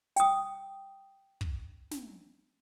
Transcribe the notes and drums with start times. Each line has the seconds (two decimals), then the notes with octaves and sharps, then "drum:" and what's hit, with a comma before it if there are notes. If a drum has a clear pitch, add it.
0.16 G5 D#6, drum: hi-hat
1.41 drum: kick
1.91 drum: snare